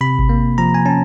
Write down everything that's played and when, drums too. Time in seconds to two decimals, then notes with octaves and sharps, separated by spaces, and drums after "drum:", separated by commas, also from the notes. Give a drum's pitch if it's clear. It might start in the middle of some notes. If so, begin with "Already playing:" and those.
0.01 C3 B5
0.19 drum: kick G#1
0.29 A#3
0.58 F3 A#5
0.74 G#5
0.86 C#4 A5